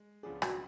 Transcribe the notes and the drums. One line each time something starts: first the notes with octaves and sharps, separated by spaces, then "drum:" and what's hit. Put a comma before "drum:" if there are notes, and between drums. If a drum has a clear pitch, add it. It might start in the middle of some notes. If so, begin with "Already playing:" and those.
Already playing: G#3
C#2 C#3 F3 B3 D4 G#4
F#4, drum: rim click